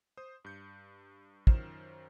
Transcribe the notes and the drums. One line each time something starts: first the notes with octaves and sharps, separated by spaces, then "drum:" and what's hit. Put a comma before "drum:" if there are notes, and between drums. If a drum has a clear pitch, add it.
C5 D#6
G2 G6 C#7
F#2 D#3 F4 C5 F6 E7, drum: kick